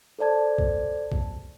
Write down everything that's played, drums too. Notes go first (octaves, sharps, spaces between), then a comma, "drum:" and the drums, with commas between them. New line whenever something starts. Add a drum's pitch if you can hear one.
A4 C5 D5 A5 G#6
drum: kick
drum: kick